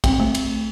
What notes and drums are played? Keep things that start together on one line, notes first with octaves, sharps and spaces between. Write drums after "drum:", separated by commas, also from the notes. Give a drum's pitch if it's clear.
C4, drum: kick, cymbal
A3
drum: cymbal